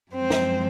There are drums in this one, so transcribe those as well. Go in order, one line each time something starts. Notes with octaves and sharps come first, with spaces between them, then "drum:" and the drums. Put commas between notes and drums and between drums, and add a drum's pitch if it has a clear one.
F#2 F3 G#3 C4 C5
drum: snare